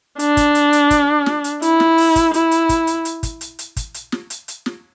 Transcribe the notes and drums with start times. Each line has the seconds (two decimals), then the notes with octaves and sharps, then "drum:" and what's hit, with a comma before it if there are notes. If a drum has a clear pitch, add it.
0.19 D4, drum: hi-hat
0.37 drum: kick, hi-hat
0.55 drum: hi-hat
0.73 drum: hi-hat
0.91 drum: kick, hi-hat
1.26 drum: snare
1.44 drum: hi-hat
1.62 E4, drum: hi-hat
1.80 drum: snare
1.98 drum: open hi-hat
2.16 drum: kick, hi-hat
2.34 E4, drum: hi-hat
2.51 drum: hi-hat
2.69 drum: kick, hi-hat
2.87 drum: hi-hat
3.05 drum: hi-hat
3.23 drum: kick, hi-hat
3.41 drum: hi-hat
3.59 drum: hi-hat
3.76 drum: kick, hi-hat
3.94 drum: hi-hat
4.12 drum: snare
4.30 drum: hi-hat
4.48 drum: hi-hat
4.66 drum: snare